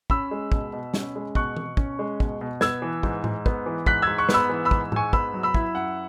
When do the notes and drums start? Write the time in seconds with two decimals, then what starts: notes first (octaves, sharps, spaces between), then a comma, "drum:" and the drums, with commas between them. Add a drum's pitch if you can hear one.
0.10 C#4 B5 E6, drum: kick
0.31 G#3
0.52 B2, drum: kick
0.73 B2
0.94 C#4, drum: snare
1.16 G#3
1.35 B2 C#6 F#6, drum: kick
1.57 B2, drum: tom E3
1.77 C#4, drum: kick
1.99 G#3
2.20 B2, drum: kick
2.41 B2
2.61 B3 E6 G#6, drum: snare
2.82 E3
3.03 G#2, drum: kick
3.24 G#2, drum: tom A2
3.46 B3, drum: kick
3.66 E3
3.86 G#2 F#6 B6, drum: kick
4.02 G#2 E6 G#6
4.18 C#6 F#6
4.29 B3, drum: snare
4.34 B5 E6
4.49 E3
4.65 B5 E6
4.71 G#2, drum: kick
4.92 G#2 G#5 C#6, drum: tom A2
5.13 B3 B5 E6, drum: kick
5.34 F#3
5.43 B5 E6
5.54 E4, drum: kick
5.75 F#2 F#5